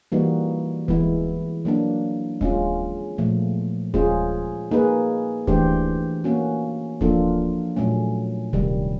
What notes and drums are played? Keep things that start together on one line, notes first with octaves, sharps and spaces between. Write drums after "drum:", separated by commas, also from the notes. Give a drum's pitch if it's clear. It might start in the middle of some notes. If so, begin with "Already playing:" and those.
E3 G3 A#3 D#4 F#4
E3 G#3 B3 E4, drum: kick D1
F#3 A#3 D4
G#3 C#4 F4, drum: kick D1
A#2 F3 A3
G#3 C#4 F4 G#4 C5, drum: kick D1
A#3 D#4 G#4 B4
E3 A3 D4 G4 C5, drum: kick D1
A#3 C#4 F#4
F3 A#3 D4 F4 A4, drum: kick D1
A#2 F#3 A3 C#4
C3 D#3 G3, drum: kick D1